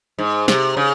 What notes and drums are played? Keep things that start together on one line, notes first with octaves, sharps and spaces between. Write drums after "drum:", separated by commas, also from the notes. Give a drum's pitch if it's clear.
G#2
C3, drum: snare
C#3